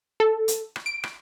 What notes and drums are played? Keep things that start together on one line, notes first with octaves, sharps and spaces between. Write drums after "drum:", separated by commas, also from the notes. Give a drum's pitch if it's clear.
A4
drum: hi-hat
drum: rim click
D7
drum: rim click